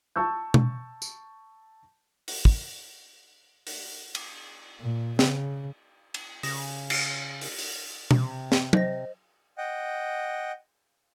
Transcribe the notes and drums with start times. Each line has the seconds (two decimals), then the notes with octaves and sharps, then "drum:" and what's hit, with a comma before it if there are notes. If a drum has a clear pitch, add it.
0.16 A5 C#6 E6 G6
0.54 drum: tom B2
1.02 drum: tambourine
2.28 drum: open hi-hat
2.45 drum: kick
3.67 drum: open hi-hat
4.15 drum: cymbal
4.80 A#2
5.19 C#3, drum: snare
6.14 drum: cymbal
6.43 C#3 D#6 A#6 E7, drum: open hi-hat
6.90 drum: cymbal
7.41 drum: open hi-hat
7.59 drum: open hi-hat
8.11 C3, drum: tom
8.52 drum: snare
8.73 C5 D#5 A#6, drum: tom
9.58 D#5 F#5 G5